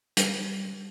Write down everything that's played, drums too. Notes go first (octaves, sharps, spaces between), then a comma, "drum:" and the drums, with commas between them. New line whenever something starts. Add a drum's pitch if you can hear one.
G3, drum: hi-hat